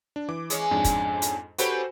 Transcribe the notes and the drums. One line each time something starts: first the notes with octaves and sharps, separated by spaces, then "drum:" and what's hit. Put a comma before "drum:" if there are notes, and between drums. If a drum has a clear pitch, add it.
D4
E3 D6
G#3 C#4, drum: hi-hat
F2 G#2 D4
drum: kick, hi-hat
drum: hi-hat
C#4 F#4 G4 A4 B4 C5, drum: hi-hat